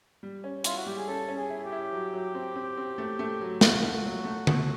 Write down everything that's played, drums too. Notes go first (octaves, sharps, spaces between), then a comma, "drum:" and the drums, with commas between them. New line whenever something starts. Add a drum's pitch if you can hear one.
G3
C#4
E4 F4, drum: hi-hat
F#4
G3 G4
G#4
C#4 A4
C#4
G#4
E4
G4
E4
F#3
F#3
C4
C4
C4
A3
A3
F#3
F4 F#4, drum: snare
A3
F#3
A3
A3, drum: tom D3